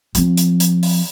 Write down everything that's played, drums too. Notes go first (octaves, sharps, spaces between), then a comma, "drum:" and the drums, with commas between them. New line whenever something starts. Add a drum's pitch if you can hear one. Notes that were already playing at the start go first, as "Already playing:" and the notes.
F3 C4, drum: hi-hat
drum: hi-hat
drum: hi-hat
drum: open hi-hat